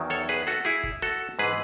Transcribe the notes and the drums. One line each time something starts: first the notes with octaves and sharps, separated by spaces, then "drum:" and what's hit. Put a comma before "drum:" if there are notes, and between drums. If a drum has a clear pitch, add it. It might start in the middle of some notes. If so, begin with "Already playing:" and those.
Already playing: E2 D#3 F#3
A4 C#5
G#4 B4
F#4 A4, drum: hi-hat
E4 G#4
drum: kick F#1
F#4 A4
G#2 E3 G#4 B4